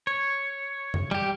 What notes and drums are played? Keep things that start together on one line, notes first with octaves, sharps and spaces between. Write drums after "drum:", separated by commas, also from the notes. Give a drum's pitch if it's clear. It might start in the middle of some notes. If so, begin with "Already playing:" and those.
C#5
drum: tom F2
G3 G4